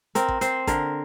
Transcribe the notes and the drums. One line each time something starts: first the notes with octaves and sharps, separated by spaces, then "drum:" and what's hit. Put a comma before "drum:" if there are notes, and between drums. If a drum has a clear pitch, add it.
C4 A#4, drum: hi-hat
drum: kick A1
C4 C5, drum: hi-hat
D3 A#4, drum: kick A1, hi-hat